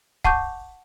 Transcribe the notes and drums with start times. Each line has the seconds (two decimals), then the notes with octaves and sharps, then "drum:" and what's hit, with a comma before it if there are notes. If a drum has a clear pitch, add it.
0.24 F#5 A5 C#6 D6 G6, drum: kick